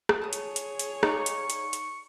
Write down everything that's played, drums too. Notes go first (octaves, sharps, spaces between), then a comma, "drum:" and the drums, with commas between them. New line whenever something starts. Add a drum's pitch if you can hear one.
drum: rim click
G#4 C#5 A5 D#6
drum: hi-hat
drum: hi-hat
drum: hi-hat
D#4 D5 F5 A#5 C#6, drum: rim click
drum: hi-hat
drum: hi-hat
drum: hi-hat